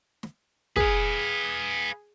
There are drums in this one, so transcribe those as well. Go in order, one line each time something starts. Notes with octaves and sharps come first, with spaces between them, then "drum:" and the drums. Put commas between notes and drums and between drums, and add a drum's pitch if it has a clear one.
drum: snare
G#4 B4 F5, drum: kick